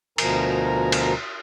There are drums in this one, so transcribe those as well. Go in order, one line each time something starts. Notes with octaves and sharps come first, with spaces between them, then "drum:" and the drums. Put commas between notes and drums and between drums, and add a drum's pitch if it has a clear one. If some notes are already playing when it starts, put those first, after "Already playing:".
D2 B2 F3 A#4 G#5 A#5, drum: cymbal
drum: cymbal